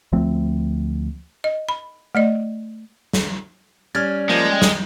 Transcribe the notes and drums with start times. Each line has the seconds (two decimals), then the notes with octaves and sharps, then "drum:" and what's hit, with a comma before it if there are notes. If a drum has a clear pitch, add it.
0.12 D2 F3 A3 C4
1.44 D#5
1.69 B5
2.15 A3 D5 D#5
3.13 drum: snare
3.95 G3 C#4 F6 G#6 A6
4.29 F3 G#3 A#3
4.53 G5
4.62 drum: snare